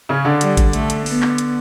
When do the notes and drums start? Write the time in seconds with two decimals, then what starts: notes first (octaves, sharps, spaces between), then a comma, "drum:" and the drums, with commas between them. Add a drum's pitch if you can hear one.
0.09 C#3 C#4
0.25 D3 D4
0.41 G3, drum: hi-hat
0.57 drum: kick G#1, hi-hat
0.73 A3, drum: hi-hat
0.90 drum: hi-hat
1.06 B3, drum: open hi-hat
1.22 drum: clap
1.38 drum: hi-hat